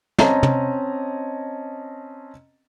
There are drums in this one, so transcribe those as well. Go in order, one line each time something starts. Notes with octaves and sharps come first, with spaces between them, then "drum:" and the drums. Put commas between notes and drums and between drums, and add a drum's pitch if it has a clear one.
C4 C#4 D#5 A5 A#5, drum: snare
drum: tom